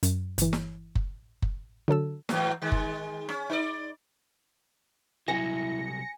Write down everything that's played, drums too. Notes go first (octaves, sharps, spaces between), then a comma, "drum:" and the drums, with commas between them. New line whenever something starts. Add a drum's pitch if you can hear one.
F#2, drum: hi-hat
G1 E3, drum: hi-hat
drum: snare
drum: kick F#1
drum: kick F#1
D3 F#3 A4 E6
G#2 E3 F#3, drum: snare
D#3 G#3
drum: kick F#1
C#4, drum: rim click
D#4 C5 D5
C2 F#3 E4 G#5 A#6 C#7